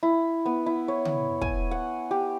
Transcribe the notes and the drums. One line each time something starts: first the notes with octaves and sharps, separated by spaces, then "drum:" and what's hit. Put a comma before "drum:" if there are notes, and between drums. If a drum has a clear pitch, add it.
E4
B3
E4
C#5
drum: tom C#3
G#5, drum: kick
F#5
G4